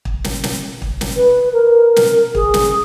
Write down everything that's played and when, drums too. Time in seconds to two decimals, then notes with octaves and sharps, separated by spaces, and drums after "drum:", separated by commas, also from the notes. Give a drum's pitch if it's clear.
0.05 drum: kick
0.24 drum: snare
0.44 drum: snare
0.82 drum: kick
1.01 drum: snare
1.16 B4
1.53 A#4
1.96 drum: snare
2.35 G#4, drum: kick
2.54 drum: snare